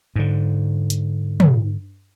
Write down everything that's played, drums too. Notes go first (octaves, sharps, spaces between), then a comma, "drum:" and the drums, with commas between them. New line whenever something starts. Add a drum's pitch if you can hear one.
G#2 D3
drum: hi-hat
drum: tom